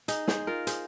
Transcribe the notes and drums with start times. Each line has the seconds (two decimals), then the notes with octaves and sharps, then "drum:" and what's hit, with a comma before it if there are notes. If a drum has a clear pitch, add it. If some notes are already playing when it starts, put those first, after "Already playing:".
0.08 D#4 G#4, drum: hi-hat
0.28 G#4 C5, drum: snare
0.47 F4 A#4
0.67 G#4 C5, drum: hi-hat